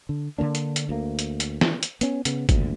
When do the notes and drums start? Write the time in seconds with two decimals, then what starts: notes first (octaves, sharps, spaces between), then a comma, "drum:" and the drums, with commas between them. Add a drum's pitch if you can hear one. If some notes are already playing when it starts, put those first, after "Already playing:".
0.09 D3
0.38 D3 D#3 A#3 D4
0.55 drum: hi-hat
0.76 drum: hi-hat
0.89 D2 A#3
1.19 drum: hi-hat
1.40 drum: hi-hat
1.61 drum: snare
1.83 drum: hi-hat
2.01 B3 C#4, drum: hi-hat
2.25 C#3 B3, drum: hi-hat
2.49 E1 D2 A#2, drum: kick G#1, hi-hat